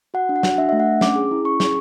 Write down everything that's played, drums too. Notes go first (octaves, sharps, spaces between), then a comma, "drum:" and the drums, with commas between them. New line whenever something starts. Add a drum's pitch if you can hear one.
F#4 F#5
D4
F#5
F#4, drum: snare
D4 E5
E5
A3
F#5
D4
C#4 D6, drum: snare
G#4
E4
C#4 C#6
G#4, drum: snare